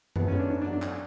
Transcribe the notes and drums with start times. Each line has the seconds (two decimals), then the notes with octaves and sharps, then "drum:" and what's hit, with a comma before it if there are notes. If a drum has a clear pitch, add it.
0.16 A2 B3, drum: tom F#2
0.28 G#3 C#4
0.39 D4
0.50 G#2 D4
0.61 D4
0.67 F#3
0.73 D4
0.82 drum: clap